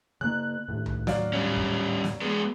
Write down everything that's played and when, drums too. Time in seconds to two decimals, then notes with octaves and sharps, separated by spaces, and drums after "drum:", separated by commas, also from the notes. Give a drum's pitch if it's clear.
0.21 C#3 A#3 F#6
0.68 D#2 A2
0.86 drum: tom C2
1.07 F#3 D5 F5, drum: snare
1.33 G3 C#4
1.57 drum: kick
2.04 drum: snare
2.21 G#3 B3